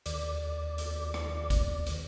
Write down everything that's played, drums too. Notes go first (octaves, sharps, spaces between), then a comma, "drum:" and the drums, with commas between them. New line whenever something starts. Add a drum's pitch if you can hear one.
D#2 D5, drum: hi-hat
drum: hi-hat
drum: rim click
drum: kick, hi-hat
drum: hi-hat